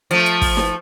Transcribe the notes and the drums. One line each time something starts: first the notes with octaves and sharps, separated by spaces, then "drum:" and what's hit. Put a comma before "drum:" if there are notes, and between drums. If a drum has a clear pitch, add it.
F3 A3, drum: hi-hat
drum: hi-hat
drum: kick, open hi-hat
drum: snare